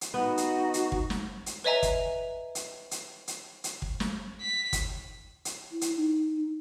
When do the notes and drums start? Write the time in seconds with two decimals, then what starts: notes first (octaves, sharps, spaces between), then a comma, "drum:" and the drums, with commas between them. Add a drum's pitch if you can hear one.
0.01 drum: hi-hat
0.14 B3 D#4 F#4
0.37 drum: hi-hat
0.74 drum: hi-hat
0.92 drum: kick
1.10 drum: snare
1.46 drum: hi-hat
1.64 B4 C#5 D#5 E5 G#5 A#5
1.83 drum: kick, hi-hat
2.55 drum: hi-hat
2.91 drum: hi-hat
3.28 drum: hi-hat
3.64 drum: hi-hat
3.82 drum: kick
4.00 drum: snare
4.41 B6
4.73 drum: kick, hi-hat
5.45 drum: hi-hat
5.72 E4
5.81 drum: hi-hat
5.96 D#4